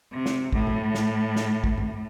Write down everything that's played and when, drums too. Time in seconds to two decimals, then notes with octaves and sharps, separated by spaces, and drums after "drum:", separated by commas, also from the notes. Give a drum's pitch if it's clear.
0.12 C3
0.26 drum: snare
0.53 A2, drum: kick
0.67 drum: tom A2
0.95 drum: snare
1.36 drum: snare
1.64 drum: kick
1.78 drum: tom G2